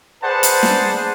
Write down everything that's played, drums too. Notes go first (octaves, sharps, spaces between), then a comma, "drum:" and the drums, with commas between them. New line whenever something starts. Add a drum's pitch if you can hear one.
G#4 B4 C5 D5 F#5 A5
drum: hi-hat
drum: snare